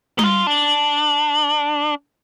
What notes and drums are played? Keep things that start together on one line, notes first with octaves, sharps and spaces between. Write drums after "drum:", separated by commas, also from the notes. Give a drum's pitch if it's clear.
D#4, drum: tom G3
F4
D4